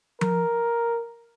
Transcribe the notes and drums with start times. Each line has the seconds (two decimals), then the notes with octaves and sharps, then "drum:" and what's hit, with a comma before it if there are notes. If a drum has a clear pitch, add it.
0.21 A#4, drum: tom F3